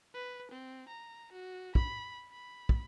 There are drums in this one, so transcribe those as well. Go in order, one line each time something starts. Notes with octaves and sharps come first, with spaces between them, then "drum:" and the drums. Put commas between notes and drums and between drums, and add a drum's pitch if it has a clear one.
B4
C4
A#5
F#4
B5, drum: kick
B5
drum: kick